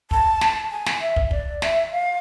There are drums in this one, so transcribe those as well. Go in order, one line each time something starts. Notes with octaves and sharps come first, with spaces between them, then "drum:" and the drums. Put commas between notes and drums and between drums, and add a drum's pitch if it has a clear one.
A5, drum: kick
drum: snare
G#5
drum: snare
E5
drum: kick
D5, drum: kick
E5, drum: snare
F5